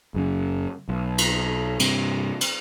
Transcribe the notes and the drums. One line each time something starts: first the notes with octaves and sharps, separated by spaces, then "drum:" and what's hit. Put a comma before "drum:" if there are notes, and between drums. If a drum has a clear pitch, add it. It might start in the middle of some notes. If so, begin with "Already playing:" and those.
F#1 F#2 C#3
B1
drum: cymbal
G2 C3, drum: cymbal
drum: cymbal